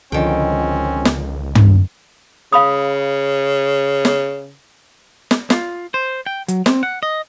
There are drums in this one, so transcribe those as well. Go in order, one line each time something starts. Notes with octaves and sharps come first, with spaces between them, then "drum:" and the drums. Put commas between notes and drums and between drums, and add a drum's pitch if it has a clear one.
G#1 C#2 D3 D#3 F3 C4 C#4 G5
drum: snare
drum: tom
C#3 F5 B5 D#6
drum: snare
drum: snare
F4, drum: snare
C5
G5
F#3, drum: hi-hat
C4, drum: snare
F#5
D#5